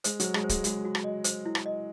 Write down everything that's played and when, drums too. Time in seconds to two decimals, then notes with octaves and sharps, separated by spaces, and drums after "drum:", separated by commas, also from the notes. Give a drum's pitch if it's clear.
0.04 G#3 C5, drum: hi-hat
0.20 F#3 C5, drum: hi-hat
0.34 G#3, drum: rim click
0.44 C5
0.49 G#3, drum: kick, hi-hat
0.64 G#3 F#4, drum: hi-hat
0.85 F#4
0.95 drum: rim click
1.04 D#5
1.24 C5, drum: hi-hat
1.45 E4
1.55 drum: rim click
1.66 D#5